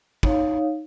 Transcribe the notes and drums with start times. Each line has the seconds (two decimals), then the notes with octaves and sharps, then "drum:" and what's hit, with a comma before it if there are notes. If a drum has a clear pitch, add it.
0.23 D#4 C#5 F5, drum: kick